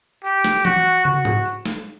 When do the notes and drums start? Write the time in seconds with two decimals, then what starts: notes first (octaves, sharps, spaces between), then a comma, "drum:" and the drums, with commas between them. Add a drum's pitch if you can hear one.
0.24 G4, drum: tambourine
0.44 drum: snare
0.65 F#4, drum: tom E3
0.85 drum: tambourine
1.05 F#4, drum: tom
1.25 drum: tom G#2
1.45 drum: tambourine
1.65 drum: snare